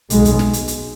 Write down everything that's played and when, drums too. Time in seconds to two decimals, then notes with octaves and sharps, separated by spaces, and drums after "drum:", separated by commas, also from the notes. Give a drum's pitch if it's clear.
0.10 B1 B2 G#3, drum: hi-hat
0.25 drum: kick, hi-hat
0.39 drum: snare
0.53 drum: hi-hat
0.68 drum: hi-hat